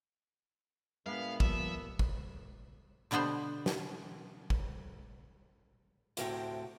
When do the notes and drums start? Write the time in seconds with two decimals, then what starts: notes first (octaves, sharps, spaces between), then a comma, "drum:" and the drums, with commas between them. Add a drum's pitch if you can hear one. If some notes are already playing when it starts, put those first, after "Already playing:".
1.06 A#2 G#3 B3 D4 E5 F5
1.40 F3 G3 A#3 E5, drum: kick
1.99 drum: kick
3.11 B2 D3 G3 B3 C5
3.66 drum: snare
4.50 drum: kick
6.17 D2 A2 C3 G5, drum: hi-hat